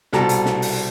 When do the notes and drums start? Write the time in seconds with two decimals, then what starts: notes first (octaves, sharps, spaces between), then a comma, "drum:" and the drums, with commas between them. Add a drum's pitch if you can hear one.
0.13 C2 B2 A4 A#5, drum: snare
0.29 drum: hi-hat
0.46 drum: snare
0.62 drum: open hi-hat